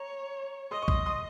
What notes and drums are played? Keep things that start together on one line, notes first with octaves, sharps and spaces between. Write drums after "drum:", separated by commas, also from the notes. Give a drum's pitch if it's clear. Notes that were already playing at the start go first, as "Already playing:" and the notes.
Already playing: C#5 A#5
D#5 C6 D#6
C#6
C6 D#6, drum: kick
C6 D#6